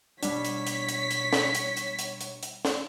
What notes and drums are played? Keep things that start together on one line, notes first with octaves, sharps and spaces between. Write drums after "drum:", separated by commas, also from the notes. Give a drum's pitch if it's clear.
B2 G3 D4 C#5 B6, drum: hi-hat
drum: hi-hat
drum: hi-hat
drum: hi-hat
drum: hi-hat
drum: snare
drum: hi-hat
drum: hi-hat
drum: hi-hat
drum: hi-hat
drum: hi-hat
drum: snare